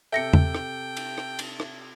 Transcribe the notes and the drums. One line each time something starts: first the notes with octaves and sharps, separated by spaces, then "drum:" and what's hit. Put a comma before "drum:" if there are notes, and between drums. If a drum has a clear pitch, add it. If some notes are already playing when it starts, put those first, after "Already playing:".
C3 A4 E5 G5 A#6 C#7
drum: tom E2
drum: rim click
drum: cymbal
drum: rim click
drum: cymbal
drum: rim click